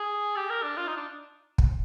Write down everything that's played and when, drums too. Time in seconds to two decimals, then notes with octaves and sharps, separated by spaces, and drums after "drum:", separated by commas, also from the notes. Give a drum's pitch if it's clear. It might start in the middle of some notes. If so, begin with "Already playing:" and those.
Already playing: G#4
0.36 G4
0.50 A#4
0.63 D4
0.77 F4
0.87 D#4
0.97 D4
1.58 drum: kick